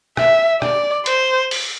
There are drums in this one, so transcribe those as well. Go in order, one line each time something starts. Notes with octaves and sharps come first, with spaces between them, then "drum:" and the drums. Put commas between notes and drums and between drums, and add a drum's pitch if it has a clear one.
E5, drum: rim click
D5, drum: rim click
C5, drum: hi-hat
drum: open hi-hat